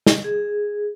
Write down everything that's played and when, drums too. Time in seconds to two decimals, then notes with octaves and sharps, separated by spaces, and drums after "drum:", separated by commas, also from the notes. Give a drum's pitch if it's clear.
0.06 drum: snare
0.24 G#4